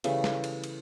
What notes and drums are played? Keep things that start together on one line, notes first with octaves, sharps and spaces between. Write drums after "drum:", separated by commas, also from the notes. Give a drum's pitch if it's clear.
C#3 E3 G3 A3, drum: cymbal
drum: snare
drum: cymbal
drum: cymbal